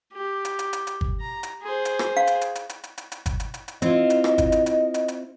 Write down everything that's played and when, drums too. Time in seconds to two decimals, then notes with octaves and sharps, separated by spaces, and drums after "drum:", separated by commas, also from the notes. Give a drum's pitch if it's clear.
0.13 G4
0.45 drum: hi-hat
0.59 drum: hi-hat
0.73 drum: hi-hat
0.87 drum: hi-hat
1.01 drum: kick G1
1.20 A#5
1.43 drum: hi-hat
1.62 G#4 C5
1.85 drum: hi-hat
1.99 drum: rim click
2.17 F5
2.27 drum: hi-hat
2.41 drum: hi-hat
2.55 drum: hi-hat
2.69 drum: hi-hat
2.84 drum: hi-hat
2.98 drum: hi-hat
3.12 drum: hi-hat
3.26 drum: kick G1, hi-hat
3.40 drum: hi-hat
3.54 drum: hi-hat
3.68 drum: hi-hat
3.82 C4 E4 F4 D#5, drum: hi-hat
4.10 drum: hi-hat
4.24 drum: rim click
4.38 drum: kick G1, hi-hat
4.52 drum: hi-hat
4.66 drum: hi-hat
4.94 drum: hi-hat
5.08 drum: hi-hat